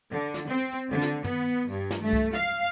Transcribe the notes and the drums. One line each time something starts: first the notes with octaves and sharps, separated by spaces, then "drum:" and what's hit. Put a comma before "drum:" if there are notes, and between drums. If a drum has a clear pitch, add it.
D3
drum: snare
C4
drum: tambourine
D3
drum: snare
B3, drum: tom
G2, drum: tambourine
drum: snare
A3
drum: kick C2, tambourine
F5, drum: tambourine